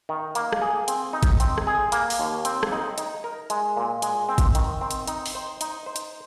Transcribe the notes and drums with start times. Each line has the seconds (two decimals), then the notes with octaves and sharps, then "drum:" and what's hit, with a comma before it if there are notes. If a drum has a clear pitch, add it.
0.09 D#3
0.35 A#3, drum: hi-hat
0.52 drum: rim click
0.62 G#4
0.88 C4, drum: hi-hat
1.13 D#4
1.23 drum: kick G#1, hi-hat
1.40 C4, drum: hi-hat
1.58 drum: rim click
1.67 G#4
1.92 A#3, drum: hi-hat
2.10 drum: open hi-hat
2.20 D#2
2.45 C4, drum: hi-hat
2.63 drum: rim click
2.72 D#4
2.98 D#4, drum: hi-hat
3.24 A#4
3.50 G#3, drum: hi-hat
3.77 A#2
4.02 G#3, drum: hi-hat
4.29 C4
4.38 drum: kick G#1, hi-hat
4.55 D#3, drum: hi-hat
4.81 C4
4.91 drum: hi-hat
5.07 D#4, drum: hi-hat
5.26 drum: open hi-hat
5.35 C5
5.61 D#4, drum: hi-hat
5.86 C5
5.96 drum: hi-hat